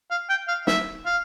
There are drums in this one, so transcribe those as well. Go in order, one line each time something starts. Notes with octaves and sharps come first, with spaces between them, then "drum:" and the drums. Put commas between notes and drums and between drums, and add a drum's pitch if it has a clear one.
F5
G5
F5
E5, drum: snare
F5